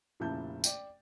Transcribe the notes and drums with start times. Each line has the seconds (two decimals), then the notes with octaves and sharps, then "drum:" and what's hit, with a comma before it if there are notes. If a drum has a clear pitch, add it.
0.20 F1 A#2 C#3 E4 A5 G6
0.64 D5 G5, drum: tambourine